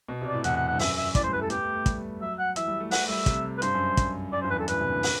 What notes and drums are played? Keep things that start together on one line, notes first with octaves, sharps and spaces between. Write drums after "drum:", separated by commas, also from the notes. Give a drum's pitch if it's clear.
B2
C3
D5
A2
E2 F#5, drum: hi-hat
F#5
F#5
G2
F#2 E5, drum: open hi-hat
E5
A2 D5, drum: kick, hi-hat
C5
G3
B4
A3 A4
B3 G4, drum: hi-hat
A3
A3
G3, drum: kick, hi-hat
F#3 E5
F#5
E3 E5, drum: hi-hat
G3
A3
A3 F#5, drum: open hi-hat
G3 E5
C3, drum: kick, hi-hat
B4
G2 C5, drum: hi-hat
F#2
drum: kick, hi-hat
F#2 D5
G2 C5
E2 B4
F#2 A4
A2 B4, drum: hi-hat
C3
D3
drum: open hi-hat